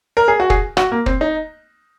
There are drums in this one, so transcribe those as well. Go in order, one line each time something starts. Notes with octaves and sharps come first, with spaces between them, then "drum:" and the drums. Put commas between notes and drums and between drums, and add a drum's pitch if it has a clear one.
A#4
G#4
F#4
G#4, drum: kick
F#4, drum: rim click
A#3
C4, drum: kick
D#4